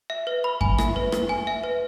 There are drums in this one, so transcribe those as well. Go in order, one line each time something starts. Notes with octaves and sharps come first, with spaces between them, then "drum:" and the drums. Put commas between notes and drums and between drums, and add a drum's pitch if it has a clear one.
E5
B4
B5
G#5, drum: kick F#2
E5, drum: rim click
B4
B4, drum: rim click
G#5
E5
B4